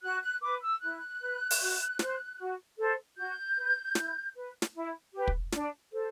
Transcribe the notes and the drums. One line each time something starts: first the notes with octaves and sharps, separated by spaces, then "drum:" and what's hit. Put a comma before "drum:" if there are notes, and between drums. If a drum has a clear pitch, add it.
F#4 F#6
F#6
B4 D6
E6
E4 F#6
B4
drum: open hi-hat
F#4
C5, drum: snare
F#4
A4 C5
F#4 G6
B4
E4, drum: snare
B4
drum: snare
E4
G4 B4
drum: kick
D4, drum: snare
A4 C5